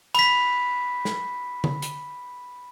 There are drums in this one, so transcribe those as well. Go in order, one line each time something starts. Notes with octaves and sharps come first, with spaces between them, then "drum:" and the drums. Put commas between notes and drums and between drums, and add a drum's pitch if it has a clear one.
B5 B6, drum: cymbal
drum: snare
drum: tom D3
drum: hi-hat